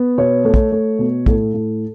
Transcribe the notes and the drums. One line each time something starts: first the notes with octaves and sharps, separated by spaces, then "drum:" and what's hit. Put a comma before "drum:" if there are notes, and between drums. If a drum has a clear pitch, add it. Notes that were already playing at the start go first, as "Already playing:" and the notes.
Already playing: B3
B2 C#5
A3
drum: kick
A3
B2
A2 A4, drum: kick
A2